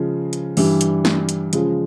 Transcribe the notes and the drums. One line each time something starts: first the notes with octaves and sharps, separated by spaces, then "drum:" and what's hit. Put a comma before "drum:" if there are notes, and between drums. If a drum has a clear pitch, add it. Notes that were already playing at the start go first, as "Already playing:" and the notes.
Already playing: C#3 F3 G#3
drum: hi-hat
G2 E3 G3, drum: open hi-hat
drum: hi-hat
drum: snare
drum: hi-hat
C#3 F3 G#3, drum: hi-hat